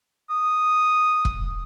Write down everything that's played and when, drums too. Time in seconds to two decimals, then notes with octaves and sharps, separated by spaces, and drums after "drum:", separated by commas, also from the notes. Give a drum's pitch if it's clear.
0.30 D#6
1.25 drum: kick